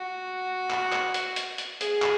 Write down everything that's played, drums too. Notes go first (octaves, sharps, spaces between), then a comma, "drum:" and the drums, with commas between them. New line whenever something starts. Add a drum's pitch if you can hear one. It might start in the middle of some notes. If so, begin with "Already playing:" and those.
Already playing: F#4
drum: clap
drum: clap
drum: hi-hat
drum: hi-hat
drum: hi-hat
G#4, drum: hi-hat
drum: clap